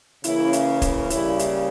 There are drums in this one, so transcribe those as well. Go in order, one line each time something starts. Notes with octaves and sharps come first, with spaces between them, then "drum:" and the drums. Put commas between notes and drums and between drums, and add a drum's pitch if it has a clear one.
C#3 E3 A#3 C#4 E4, drum: hi-hat
drum: hi-hat
drum: kick, hi-hat
C#3 G3 A#3 E4, drum: hi-hat
drum: hi-hat